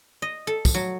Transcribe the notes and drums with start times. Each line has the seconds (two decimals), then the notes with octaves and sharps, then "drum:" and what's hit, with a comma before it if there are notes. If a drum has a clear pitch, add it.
0.22 D#5
0.47 A4
0.65 drum: kick, tambourine
0.75 F#3